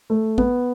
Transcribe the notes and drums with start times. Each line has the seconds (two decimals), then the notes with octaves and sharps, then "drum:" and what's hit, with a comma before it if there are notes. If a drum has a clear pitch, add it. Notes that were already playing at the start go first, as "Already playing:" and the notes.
0.10 A3
0.38 B3, drum: kick